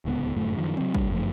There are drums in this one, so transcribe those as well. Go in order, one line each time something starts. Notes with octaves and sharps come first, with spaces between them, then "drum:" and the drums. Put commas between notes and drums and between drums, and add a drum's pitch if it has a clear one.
D1 C#2 D3 B3
G1 F#2 A2 A3
F#2 D#3 F3
F#3 C4, drum: tom C3
C2 G2 G3, drum: kick
G1 F#2 F3 A3